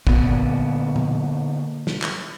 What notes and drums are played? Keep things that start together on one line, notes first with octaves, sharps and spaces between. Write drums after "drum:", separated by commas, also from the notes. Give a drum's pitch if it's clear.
A#2 D3 B3, drum: kick
drum: tom A#2
drum: snare
drum: clap